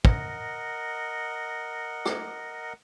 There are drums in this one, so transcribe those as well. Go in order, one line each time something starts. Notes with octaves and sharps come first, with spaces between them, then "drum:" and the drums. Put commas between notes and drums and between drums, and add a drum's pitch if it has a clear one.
A#4 D#5 F#5, drum: kick
drum: rim click